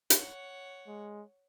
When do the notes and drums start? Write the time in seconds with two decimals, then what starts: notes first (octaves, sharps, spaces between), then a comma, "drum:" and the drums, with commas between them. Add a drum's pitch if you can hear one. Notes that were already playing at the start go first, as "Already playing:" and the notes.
0.10 C#5 F#5, drum: hi-hat
0.87 G#3